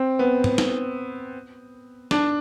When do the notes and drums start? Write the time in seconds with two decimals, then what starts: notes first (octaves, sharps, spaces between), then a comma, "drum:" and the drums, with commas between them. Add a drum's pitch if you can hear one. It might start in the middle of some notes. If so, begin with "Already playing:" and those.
Already playing: C4
0.19 B3
0.44 drum: tom
0.58 drum: snare
2.11 D4, drum: snare